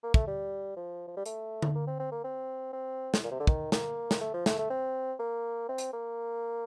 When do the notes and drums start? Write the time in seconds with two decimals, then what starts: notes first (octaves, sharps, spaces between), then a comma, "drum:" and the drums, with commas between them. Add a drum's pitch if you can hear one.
0.03 A#3
0.14 A3, drum: kick
0.27 G3
0.76 F3
1.08 F3
1.17 G3
1.26 A3, drum: hi-hat
1.62 drum: tom D3
1.75 A#3
1.87 C4
2.00 C4
2.12 A#3
2.24 C4
2.73 C4
3.14 drum: snare
3.24 A#2
3.31 C3
3.40 D3
3.47 D#3, drum: kick
3.72 A#3, drum: snare
4.11 drum: snare
4.21 A3
4.34 F3
4.46 A3, drum: snare
4.58 A3
4.70 C4
5.20 A#3
5.68 C4
5.78 drum: hi-hat
5.93 A#3